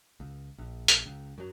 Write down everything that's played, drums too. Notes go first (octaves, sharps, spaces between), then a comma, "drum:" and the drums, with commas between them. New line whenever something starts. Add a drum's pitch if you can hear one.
C#2
A#1
drum: hi-hat
C#2
F#2 F#3